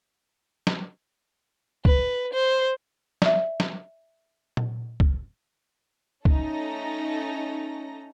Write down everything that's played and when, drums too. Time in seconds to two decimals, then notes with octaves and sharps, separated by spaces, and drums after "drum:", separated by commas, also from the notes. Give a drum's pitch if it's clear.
0.67 drum: snare
1.85 B4, drum: kick C2
2.33 C5
3.22 D5 E5, drum: snare
3.60 drum: snare
4.57 drum: tom A#2
5.00 drum: kick C2
6.25 A3 C#4 D#4 A4 A#5 A#6, drum: kick C2